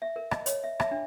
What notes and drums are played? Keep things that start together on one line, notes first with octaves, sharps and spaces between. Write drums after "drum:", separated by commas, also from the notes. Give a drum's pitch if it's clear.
E5
A#4
D#5, drum: rim click
C#5, drum: hi-hat
E5
E5, drum: rim click
D4